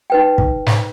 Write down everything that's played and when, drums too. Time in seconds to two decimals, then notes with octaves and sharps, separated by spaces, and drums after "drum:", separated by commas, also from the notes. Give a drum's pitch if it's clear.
0.10 D#4 B4 G5
0.38 drum: kick
0.66 drum: snare